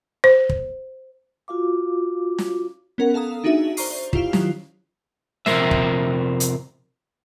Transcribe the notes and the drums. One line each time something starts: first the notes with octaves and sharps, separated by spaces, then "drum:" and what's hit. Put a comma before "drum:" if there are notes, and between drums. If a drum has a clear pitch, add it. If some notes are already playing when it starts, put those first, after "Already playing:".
C5
drum: kick
F4 F#4 F5 D6
drum: snare
B3 C#4 A#4 F#5
A4 F5 A#5 D#6
D4 D#4 F#4 G#4 E5
C5 D5 A#5 C#6 C7, drum: open hi-hat
E4 F4 G4 F5, drum: kick
D#3 F#3 F4, drum: snare
C3 F3 A#3 A#4 C5 E5, drum: snare
drum: kick
drum: hi-hat